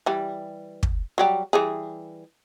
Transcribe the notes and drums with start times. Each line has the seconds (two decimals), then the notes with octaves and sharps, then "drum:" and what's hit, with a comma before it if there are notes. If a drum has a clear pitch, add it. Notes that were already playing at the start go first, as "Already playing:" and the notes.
0.06 E3 G3
0.83 drum: kick
1.18 F#3 G3 G4
1.53 E3 G3 G#4